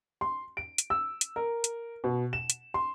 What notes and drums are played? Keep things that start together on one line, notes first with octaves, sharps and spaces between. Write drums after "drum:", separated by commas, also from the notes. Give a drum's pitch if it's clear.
C6
D7
drum: hi-hat
E6
drum: hi-hat
A#4
drum: hi-hat
B2
E7
drum: hi-hat
C6